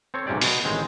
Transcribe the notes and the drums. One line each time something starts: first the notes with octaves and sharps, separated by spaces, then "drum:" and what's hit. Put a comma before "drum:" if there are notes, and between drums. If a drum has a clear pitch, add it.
C4 A4 C#5
B1 G#2 C3 C#4 G4 D5
B2, drum: open hi-hat
A1 D#3 G#3 C4